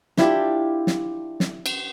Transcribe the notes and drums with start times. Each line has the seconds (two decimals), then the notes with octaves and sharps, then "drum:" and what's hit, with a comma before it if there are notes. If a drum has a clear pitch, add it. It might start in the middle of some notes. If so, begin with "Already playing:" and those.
0.17 D4 E4 F4 G4, drum: snare
0.87 drum: snare
1.40 drum: snare
1.66 drum: cymbal